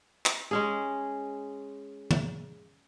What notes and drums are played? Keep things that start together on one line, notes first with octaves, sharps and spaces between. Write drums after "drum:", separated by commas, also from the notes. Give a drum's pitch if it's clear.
drum: clap
G#3 C#4 G#4
drum: tom